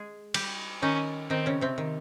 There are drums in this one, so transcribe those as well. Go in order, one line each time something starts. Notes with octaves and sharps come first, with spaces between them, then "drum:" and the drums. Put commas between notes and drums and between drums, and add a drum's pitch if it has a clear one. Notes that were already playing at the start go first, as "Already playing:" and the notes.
Already playing: G#3 G#4
G3 G4, drum: cymbal
D#3 C#4 D#4
D#3 C4 D#4
C#3 C#4
C3 C4
D#3